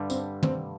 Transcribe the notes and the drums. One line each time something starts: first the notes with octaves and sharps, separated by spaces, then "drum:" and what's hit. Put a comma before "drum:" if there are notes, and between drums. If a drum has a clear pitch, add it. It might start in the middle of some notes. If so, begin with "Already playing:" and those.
Already playing: G2 D3 G3
C4, drum: tambourine
C4, drum: tom